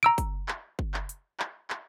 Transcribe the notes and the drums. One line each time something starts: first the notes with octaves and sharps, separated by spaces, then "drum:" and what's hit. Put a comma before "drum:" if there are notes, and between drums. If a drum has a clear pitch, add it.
A#5 E6 D7
drum: kick, hi-hat
drum: clap
drum: kick
drum: clap
drum: hi-hat
drum: clap
drum: clap